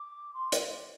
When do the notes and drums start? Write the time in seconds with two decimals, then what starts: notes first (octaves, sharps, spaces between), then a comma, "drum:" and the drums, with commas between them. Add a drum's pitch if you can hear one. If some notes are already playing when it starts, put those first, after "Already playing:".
Already playing: D6
0.34 C6
0.52 drum: hi-hat